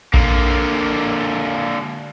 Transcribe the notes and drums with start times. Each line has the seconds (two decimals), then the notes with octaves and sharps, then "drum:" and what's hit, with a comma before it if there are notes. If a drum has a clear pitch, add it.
0.14 D3 A#3, drum: kick A#1